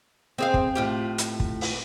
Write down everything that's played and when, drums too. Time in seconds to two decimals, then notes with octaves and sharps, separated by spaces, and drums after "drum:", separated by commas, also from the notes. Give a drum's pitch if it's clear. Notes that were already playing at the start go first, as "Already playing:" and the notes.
0.38 C4 G#4 F5
0.54 drum: kick
0.75 A2 F4 G4
1.18 drum: hi-hat
1.40 drum: kick
1.61 drum: open hi-hat